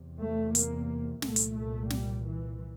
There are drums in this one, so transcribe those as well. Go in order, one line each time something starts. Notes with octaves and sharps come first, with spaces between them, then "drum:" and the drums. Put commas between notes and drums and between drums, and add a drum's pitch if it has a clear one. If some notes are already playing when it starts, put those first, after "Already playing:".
Already playing: E2 C3
A3
A#3, drum: hi-hat
C2 A#2 A3, drum: snare
drum: hi-hat
A3
G3, drum: snare
E3